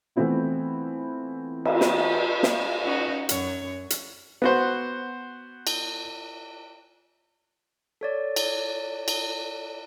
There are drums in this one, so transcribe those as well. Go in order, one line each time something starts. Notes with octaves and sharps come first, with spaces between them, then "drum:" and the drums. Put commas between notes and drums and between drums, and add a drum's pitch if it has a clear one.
E3 A3 B3 C4 E4 F4
drum: cymbal
drum: snare
drum: snare
C#4 D#4 F#4
F#2 C#5, drum: hi-hat
drum: hi-hat
B3 F#4 C5
drum: cymbal
A4 C#5 D5
drum: cymbal
drum: cymbal